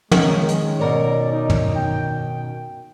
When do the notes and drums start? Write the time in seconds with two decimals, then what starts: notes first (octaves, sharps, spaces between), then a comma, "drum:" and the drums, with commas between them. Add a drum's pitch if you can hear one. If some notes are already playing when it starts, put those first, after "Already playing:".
0.11 D#3 G#3 C#4, drum: tom
0.48 drum: hi-hat
0.79 B2 A#4 C#5 D5
1.32 D#4
1.50 drum: tom
1.76 G5